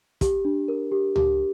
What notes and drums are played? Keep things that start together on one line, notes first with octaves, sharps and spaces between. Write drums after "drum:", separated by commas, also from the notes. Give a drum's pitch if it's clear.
G4, drum: kick, hi-hat
D4
A#4
G4
G4, drum: tom C#2